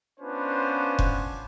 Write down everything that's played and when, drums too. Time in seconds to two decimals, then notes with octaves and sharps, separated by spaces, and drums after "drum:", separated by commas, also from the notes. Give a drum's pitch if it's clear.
0.20 B3 C#4 D4 F4 B4 C5
0.99 drum: kick F1